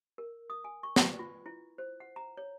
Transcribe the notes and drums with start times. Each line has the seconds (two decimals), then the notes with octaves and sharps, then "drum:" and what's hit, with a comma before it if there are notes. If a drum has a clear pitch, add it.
0.18 A#4
0.50 D#6
0.64 G#5
0.83 C#6
0.96 B4, drum: snare
1.19 F4
1.46 E4
1.78 C5
2.00 F#5
2.16 A#5
2.37 C#5